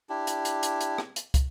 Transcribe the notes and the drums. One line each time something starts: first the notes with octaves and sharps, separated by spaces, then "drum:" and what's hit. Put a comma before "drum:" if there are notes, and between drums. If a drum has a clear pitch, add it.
D4 E4 G4
drum: hi-hat
drum: hi-hat
drum: hi-hat
drum: hi-hat
drum: rim click
drum: hi-hat
drum: kick, hi-hat